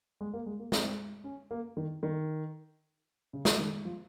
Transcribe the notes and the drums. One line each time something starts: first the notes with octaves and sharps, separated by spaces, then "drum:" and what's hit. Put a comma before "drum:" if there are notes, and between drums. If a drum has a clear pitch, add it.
G#3
A#3
G#3
A#3
C4, drum: snare
C#4
A#3
D#3
D#3
C#3
drum: snare
D#3
F3